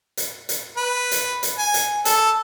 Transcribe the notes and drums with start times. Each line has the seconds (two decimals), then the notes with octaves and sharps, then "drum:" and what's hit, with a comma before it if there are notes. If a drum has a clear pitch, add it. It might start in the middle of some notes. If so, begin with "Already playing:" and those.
0.17 drum: hi-hat
0.49 drum: hi-hat
0.77 B4
1.11 drum: hi-hat
1.43 drum: hi-hat
1.59 G#5
1.74 drum: hi-hat
2.05 A4, drum: hi-hat